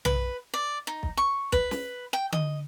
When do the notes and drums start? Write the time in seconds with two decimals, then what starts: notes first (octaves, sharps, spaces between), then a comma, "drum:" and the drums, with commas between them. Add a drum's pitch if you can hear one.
0.05 B4, drum: tom
0.54 D5
0.87 D#4
1.03 drum: kick
1.17 C#6
1.52 B4, drum: kick
1.71 drum: snare
2.13 G5
2.33 D#5, drum: tom D3